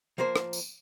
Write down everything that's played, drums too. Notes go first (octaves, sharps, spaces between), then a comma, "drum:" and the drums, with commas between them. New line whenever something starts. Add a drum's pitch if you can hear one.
F3 A#3 A#4 C5
drum: rim click
drum: tambourine